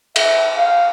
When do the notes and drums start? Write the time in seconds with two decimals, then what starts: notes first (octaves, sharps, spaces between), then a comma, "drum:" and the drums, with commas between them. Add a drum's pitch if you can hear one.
0.16 E5, drum: cymbal
0.57 F5